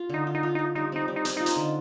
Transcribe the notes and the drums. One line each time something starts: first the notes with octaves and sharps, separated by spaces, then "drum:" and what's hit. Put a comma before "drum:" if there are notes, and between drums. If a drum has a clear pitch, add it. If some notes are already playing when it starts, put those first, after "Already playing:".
Already playing: F4
D3 D#4
F4
D#4
F4
D#4 F4
G3 D#4
C4 D#4
G3
D#4
C4, drum: hi-hat
D#4 F4
drum: hi-hat
D3